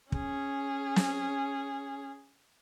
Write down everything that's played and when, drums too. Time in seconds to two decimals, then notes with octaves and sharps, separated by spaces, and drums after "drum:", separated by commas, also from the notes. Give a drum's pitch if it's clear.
0.12 C#4 G#4, drum: kick
0.96 drum: snare